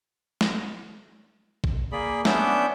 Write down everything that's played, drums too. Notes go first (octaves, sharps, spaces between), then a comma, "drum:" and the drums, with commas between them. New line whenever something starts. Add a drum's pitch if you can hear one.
drum: snare
drum: kick A1
A#3 G#4 D5 B5
B3 C#4 D4 D5 E5 G6, drum: snare